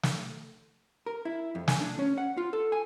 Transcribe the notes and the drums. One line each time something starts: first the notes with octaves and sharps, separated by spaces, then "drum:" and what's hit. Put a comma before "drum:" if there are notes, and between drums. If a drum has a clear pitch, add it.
drum: snare
A#4
E4
F2
G#5, drum: snare
D4
C#4
F#5
F4
A4
G#5